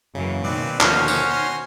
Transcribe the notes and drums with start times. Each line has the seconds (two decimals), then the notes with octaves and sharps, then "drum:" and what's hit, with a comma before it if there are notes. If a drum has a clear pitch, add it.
0.15 F#2 C#3 E3 A#3
0.44 B2 D#3 C4 B4 D5
0.81 D#2 D3 F3 C#4 F#4 C5 G#5 F6, drum: clap
1.08 drum: tambourine
1.31 C6 A#6